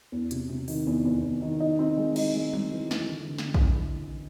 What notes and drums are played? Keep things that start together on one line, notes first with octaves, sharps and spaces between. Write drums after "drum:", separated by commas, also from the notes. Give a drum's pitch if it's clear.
E2
C3, drum: hi-hat
C3
D#3, drum: open hi-hat
E2
E2
E2
D#3
D#4
C4
G#3
D#4, drum: cymbal
G#3
D#4, drum: tom F#3
E3
E3, drum: snare
D3
D3
drum: snare
drum: kick A#1